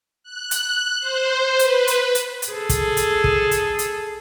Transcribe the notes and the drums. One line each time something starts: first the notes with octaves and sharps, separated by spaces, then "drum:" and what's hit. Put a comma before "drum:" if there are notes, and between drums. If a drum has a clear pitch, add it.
F#6
drum: hi-hat
C5
B4, drum: hi-hat
drum: hi-hat
drum: hi-hat
drum: hi-hat
G#4 A4
drum: kick, hi-hat
drum: hi-hat
drum: kick
drum: hi-hat
drum: hi-hat